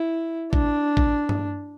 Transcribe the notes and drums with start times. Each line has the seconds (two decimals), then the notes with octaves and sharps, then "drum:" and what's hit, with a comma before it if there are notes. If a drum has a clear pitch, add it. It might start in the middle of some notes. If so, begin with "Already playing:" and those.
Already playing: E4
0.53 D4, drum: kick
0.97 drum: kick
1.29 drum: tom G2